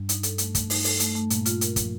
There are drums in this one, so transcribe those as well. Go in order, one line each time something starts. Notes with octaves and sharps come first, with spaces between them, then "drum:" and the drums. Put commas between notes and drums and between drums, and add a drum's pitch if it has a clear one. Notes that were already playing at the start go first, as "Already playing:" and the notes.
Already playing: G2
D#4, drum: hi-hat
A4, drum: hi-hat
A3, drum: hi-hat
A3, drum: kick, hi-hat
D#4, drum: open hi-hat
A4, drum: open hi-hat
A3, drum: hi-hat
A3
G2 A#2 A#3, drum: hi-hat
F4, drum: hi-hat
A#4, drum: hi-hat
F3, drum: kick, hi-hat